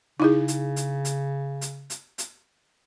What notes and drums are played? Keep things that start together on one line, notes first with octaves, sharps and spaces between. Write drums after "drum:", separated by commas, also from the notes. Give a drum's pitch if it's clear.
C#3 D#4 E4 G#4
drum: hi-hat
drum: hi-hat
drum: hi-hat
drum: hi-hat
drum: hi-hat
drum: hi-hat